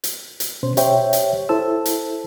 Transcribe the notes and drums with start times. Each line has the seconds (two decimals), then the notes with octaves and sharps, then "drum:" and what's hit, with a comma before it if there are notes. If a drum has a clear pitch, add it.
0.04 drum: hi-hat
0.40 drum: hi-hat
0.63 B2 C#4 C5
0.77 G4 C5 C#5 E5 G5, drum: hi-hat
1.13 drum: hi-hat
1.49 E4 A4 C5 A5 E6
1.86 drum: hi-hat